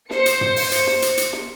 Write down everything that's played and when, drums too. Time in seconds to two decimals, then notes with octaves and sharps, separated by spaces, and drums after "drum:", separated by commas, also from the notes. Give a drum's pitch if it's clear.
0.10 C5 C#7, drum: snare
0.26 drum: hi-hat
0.41 drum: tom
0.56 drum: open hi-hat
0.72 drum: hi-hat
0.87 drum: snare
1.02 drum: hi-hat
1.18 drum: hi-hat
1.33 drum: snare